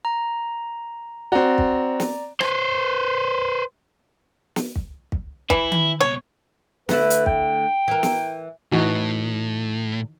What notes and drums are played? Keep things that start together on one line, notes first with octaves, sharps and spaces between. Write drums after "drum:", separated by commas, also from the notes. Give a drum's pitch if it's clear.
A#5
C4 F#4 D5 A#5
drum: kick
drum: snare
B4 C5, drum: rim click
drum: snare
drum: kick
drum: kick
E3 E4, drum: kick
drum: tom D#3
C#2 B2 C#5
D3 A3 E4 B4, drum: snare
drum: hi-hat
G5, drum: kick
E3 A#4
drum: snare
A2 E3 D#4 F#4